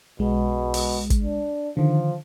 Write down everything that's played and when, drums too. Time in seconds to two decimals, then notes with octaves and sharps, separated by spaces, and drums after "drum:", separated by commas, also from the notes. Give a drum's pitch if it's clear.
0.19 B1 B2 G#3
0.74 drum: open hi-hat
1.10 drum: kick, hi-hat
1.23 D4
1.77 D3 D#3 F3